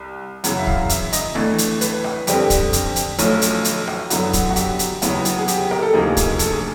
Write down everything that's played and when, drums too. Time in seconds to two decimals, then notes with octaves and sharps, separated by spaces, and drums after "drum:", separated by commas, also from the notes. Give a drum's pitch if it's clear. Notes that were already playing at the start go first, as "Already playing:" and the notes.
Already playing: C2
0.44 F#2 C#3 E3 F#5, drum: hi-hat
0.59 E5
0.67 F5, drum: kick
0.89 E5, drum: hi-hat
1.13 D#5, drum: hi-hat
1.35 A1 A2 E3 A3 D4 D5
1.58 drum: hi-hat
1.81 B4, drum: hi-hat
2.04 drum: rim click
2.27 F2 D3 G3 C4 G4, drum: hi-hat
2.50 drum: kick, hi-hat
2.73 drum: hi-hat
2.96 drum: hi-hat
3.18 B1 A2 F3 A3 C#4, drum: hi-hat
3.42 drum: hi-hat
3.65 drum: hi-hat
3.87 drum: rim click
4.10 F#2 D3 F#3 B3 E4 F#4, drum: hi-hat
4.33 drum: kick, hi-hat
4.51 F#4
4.56 G4, drum: hi-hat
4.79 drum: hi-hat
5.02 D#2 C#3 F#3 B3 E4 F#4, drum: hi-hat
5.25 drum: hi-hat
5.39 G#4
5.48 G4, drum: hi-hat
5.71 A#4, drum: rim click
5.82 A4
5.94 D2 C3 F3 A#3 D#4 G#4
6.17 drum: kick, hi-hat
6.39 A4, drum: hi-hat
6.53 G#4